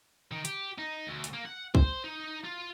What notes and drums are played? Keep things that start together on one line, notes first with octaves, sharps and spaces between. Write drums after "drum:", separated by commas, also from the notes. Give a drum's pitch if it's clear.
D#3
G4, drum: hi-hat
D#4
D2
drum: hi-hat
A#3
F#5
C5, drum: kick
D#4
F4